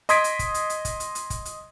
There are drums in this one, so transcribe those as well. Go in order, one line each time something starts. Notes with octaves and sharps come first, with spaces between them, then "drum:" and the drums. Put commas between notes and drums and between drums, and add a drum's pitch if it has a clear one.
D#5 C6 D#6 G#6 B6 D7, drum: hi-hat
drum: hi-hat
drum: kick, hi-hat
drum: hi-hat
drum: hi-hat
drum: kick, hi-hat
drum: hi-hat
drum: hi-hat
drum: kick, hi-hat
drum: hi-hat